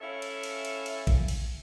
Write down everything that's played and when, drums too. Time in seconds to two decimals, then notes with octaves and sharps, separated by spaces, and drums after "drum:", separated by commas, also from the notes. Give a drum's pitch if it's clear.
0.01 C#4 E4 A4 E5 F5
0.22 drum: cymbal
0.43 drum: cymbal
0.65 drum: cymbal
0.86 drum: cymbal
1.07 drum: kick G#1, cymbal
1.28 drum: cymbal